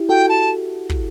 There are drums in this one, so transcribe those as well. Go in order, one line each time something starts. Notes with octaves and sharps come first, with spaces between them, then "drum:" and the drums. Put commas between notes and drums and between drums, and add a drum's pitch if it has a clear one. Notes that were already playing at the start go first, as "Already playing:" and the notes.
Already playing: E4 G4
F#4 A4 G5
A5
drum: kick